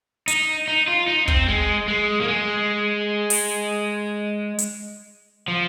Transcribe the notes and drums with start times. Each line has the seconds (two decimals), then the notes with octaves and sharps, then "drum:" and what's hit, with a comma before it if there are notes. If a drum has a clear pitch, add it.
0.28 D#4, drum: hi-hat
0.68 D#4
0.88 F4
1.08 D#4
1.28 C4, drum: kick
1.48 G#3
1.88 G#3
2.21 A#3
2.28 G#3
3.30 drum: open hi-hat
4.59 drum: hi-hat
5.48 F3